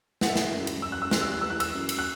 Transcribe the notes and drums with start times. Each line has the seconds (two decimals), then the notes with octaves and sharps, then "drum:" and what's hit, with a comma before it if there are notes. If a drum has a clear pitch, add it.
0.21 E3 F#5, drum: snare
0.29 E5
0.36 F#5, drum: snare
0.52 F#2
0.67 drum: cymbal
0.82 F#2 E6
0.92 F#6
1.02 E6
1.11 G3 F#6, drum: snare
1.21 E6
1.32 F#6
1.41 E3 E6
1.50 F#6
1.60 E6, drum: cymbal
1.74 F#2
1.89 drum: cymbal
1.99 F#6